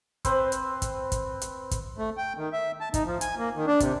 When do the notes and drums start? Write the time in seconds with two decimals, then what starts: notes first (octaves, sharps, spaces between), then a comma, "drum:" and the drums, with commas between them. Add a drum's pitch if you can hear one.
0.25 C4 B4 C5, drum: kick, hi-hat
0.52 drum: hi-hat
0.82 drum: kick, hi-hat
1.12 drum: kick, hi-hat
1.42 drum: hi-hat
1.71 drum: kick, hi-hat
1.98 A3
2.17 G5
2.37 D#3
2.53 E5
2.81 A5
2.94 D#4, drum: kick, hi-hat
3.06 F3
3.21 G#5, drum: hi-hat
3.38 A#3
3.56 D#3
3.67 D4
3.80 C3, drum: kick, hi-hat